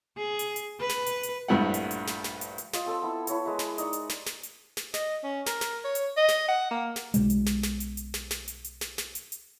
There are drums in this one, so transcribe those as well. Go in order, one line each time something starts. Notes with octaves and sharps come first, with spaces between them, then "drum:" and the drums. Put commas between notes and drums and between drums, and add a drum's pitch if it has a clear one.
G#4
drum: hi-hat
drum: hi-hat
B4
drum: snare
drum: hi-hat
drum: hi-hat
A#1 G2 F3 A3 E4 F#5
drum: hi-hat
drum: hi-hat
drum: snare
drum: snare
drum: hi-hat
drum: hi-hat
F4 D#5, drum: snare
C4 A4 A5 E6
B3 E4
E4 B4 C#5 A5, drum: hi-hat
G#3 A#4 B4
drum: snare
D#4 D5 C#6, drum: hi-hat
drum: hi-hat
drum: snare
drum: snare
drum: hi-hat
drum: snare
D#5, drum: snare
C#4
A#4, drum: snare
drum: snare
C#5
drum: hi-hat
D#5
drum: snare
F#5
A#3
drum: snare
B1 B2 G#3, drum: hi-hat
drum: hi-hat
drum: snare
drum: snare
drum: hi-hat
drum: hi-hat
drum: snare
drum: snare
drum: hi-hat
drum: hi-hat
drum: snare
drum: snare
drum: hi-hat
drum: hi-hat